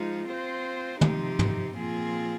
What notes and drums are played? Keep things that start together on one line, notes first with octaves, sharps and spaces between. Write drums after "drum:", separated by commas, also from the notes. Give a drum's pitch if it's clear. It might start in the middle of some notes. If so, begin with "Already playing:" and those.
Already playing: F3 G#3 D#4
C4 F4 C5
C3 F3 C4 D#4 G4, drum: tom
drum: tom
A#2 F3 C4 F4 G#4